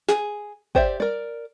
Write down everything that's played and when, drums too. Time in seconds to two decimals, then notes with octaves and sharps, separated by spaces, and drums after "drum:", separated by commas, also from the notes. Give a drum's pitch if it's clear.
0.09 G#4, drum: snare
0.75 G4 C5 D5 E5, drum: kick
1.00 A#4 D5, drum: tom G3